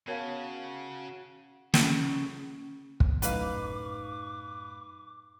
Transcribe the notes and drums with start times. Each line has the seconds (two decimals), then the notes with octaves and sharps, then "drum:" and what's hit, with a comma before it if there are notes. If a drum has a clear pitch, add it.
0.08 C#3 B3 F#4 A#4 C#5 F5 A5 G#6
1.74 C#3, drum: snare
3.00 drum: kick
3.22 F#2 A2 D#4 B4 F5 D6, drum: hi-hat